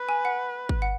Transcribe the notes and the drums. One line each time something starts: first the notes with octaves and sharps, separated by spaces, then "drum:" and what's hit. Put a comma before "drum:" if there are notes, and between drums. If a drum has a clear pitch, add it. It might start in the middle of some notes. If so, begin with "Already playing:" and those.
Already playing: B4
G#5
F#5
drum: kick
F#5